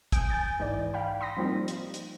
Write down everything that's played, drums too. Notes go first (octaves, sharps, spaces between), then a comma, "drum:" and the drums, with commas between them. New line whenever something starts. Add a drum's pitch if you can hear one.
G#5 D#6 G6 D7, drum: kick, hi-hat
G#5 G6 A6
G#2 E3 D5
F5 G5 B5
C6 D#6 A#6 B6
F3 G3 A#3 C4 D#4 F4
drum: hi-hat
drum: hi-hat